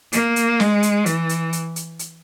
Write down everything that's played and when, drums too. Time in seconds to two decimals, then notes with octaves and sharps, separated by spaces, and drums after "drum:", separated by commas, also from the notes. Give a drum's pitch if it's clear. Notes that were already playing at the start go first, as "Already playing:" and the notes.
0.12 A#3, drum: hi-hat
0.36 drum: hi-hat
0.60 G#3, drum: snare
0.83 drum: hi-hat
1.06 E3, drum: hi-hat
1.29 drum: hi-hat
1.53 drum: hi-hat
1.76 drum: hi-hat
1.99 drum: hi-hat